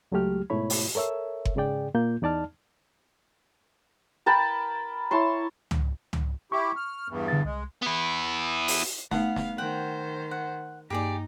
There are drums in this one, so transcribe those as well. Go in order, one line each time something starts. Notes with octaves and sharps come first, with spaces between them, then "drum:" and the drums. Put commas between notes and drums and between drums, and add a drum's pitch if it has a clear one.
C#2 F#3 G#3 A3 G4 F6
G#2 B2 A3 E4 C#5 B5
drum: open hi-hat
A4 A#4 C#5 E5 E6
drum: kick F#1
G#2 C#3 G#4 D5 G5
A#2 A#3 F4 G6
E2 D#4 D5 A5 F6
A#4 G5 A5 B5
E4 C#5 A5 C6
drum: tom
drum: tom
E4 G4 C#6
F6
E2 G2
D3 A6
C2 G#3
B3 E4
drum: open hi-hat
A3 B3 D#4 F5 F#5, drum: snare
drum: snare
D#3 C5 F#5 G5
F#5
G2 A#3 D#4 G4 G#4 D5